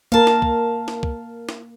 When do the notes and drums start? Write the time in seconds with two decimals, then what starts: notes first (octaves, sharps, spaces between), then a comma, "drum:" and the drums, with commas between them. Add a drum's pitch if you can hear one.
0.12 A#3 A#4 F5 A5
0.27 drum: snare
0.42 drum: kick
0.88 drum: snare
1.03 drum: kick
1.49 drum: snare